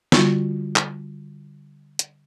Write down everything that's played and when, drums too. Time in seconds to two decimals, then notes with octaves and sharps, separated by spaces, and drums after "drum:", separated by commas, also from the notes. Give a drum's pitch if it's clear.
0.12 D3 G3 F4 F#4 C#6 E6, drum: snare
0.76 drum: clap
1.99 drum: hi-hat